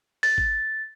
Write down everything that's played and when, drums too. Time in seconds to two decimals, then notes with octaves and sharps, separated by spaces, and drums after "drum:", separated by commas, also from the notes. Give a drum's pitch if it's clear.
0.23 A6, drum: open hi-hat
0.38 drum: kick